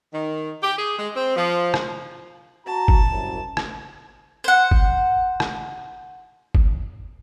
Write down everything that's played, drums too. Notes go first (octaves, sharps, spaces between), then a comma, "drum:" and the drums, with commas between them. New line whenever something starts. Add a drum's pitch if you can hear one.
D#3
G4
G#4
G#3
C4
F3
drum: rim click
F#4 A5 A#5
drum: kick G1
C2 F#2
drum: rim click
C5 F#5
drum: kick G1
drum: rim click
drum: kick G1